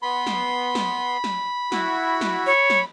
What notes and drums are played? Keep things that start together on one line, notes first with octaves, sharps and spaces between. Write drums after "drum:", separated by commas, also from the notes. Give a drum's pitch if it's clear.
B3 B5 C6
drum: snare
drum: snare
drum: snare
E4 F#4, drum: snare
drum: snare
C#5
drum: snare